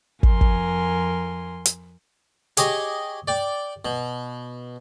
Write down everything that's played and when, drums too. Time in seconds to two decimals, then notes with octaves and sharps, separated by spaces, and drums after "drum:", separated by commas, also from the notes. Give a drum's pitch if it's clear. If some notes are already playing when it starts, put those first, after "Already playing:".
0.23 F2 A#4 G#5 C6, drum: kick
0.41 drum: kick
1.66 drum: hi-hat
2.57 G4 G#4 C#5 D#5, drum: hi-hat
3.28 D5 G5
3.85 B2